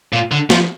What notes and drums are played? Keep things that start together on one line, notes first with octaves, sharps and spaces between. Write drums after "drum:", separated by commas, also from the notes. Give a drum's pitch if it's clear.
A#2
D3
F3, drum: snare